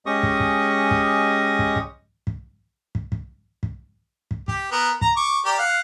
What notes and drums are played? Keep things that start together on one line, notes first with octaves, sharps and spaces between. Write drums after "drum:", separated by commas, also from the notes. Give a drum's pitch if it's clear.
G#3 C#4 G4 D#5 C#6 D#6
drum: kick
drum: kick
drum: kick
drum: kick
drum: kick
drum: kick
drum: kick
drum: kick
drum: kick
drum: kick
G4, drum: kick
B3 A#4
A#5, drum: kick
C#6 D6
G4 A#4 D5
F5 F#5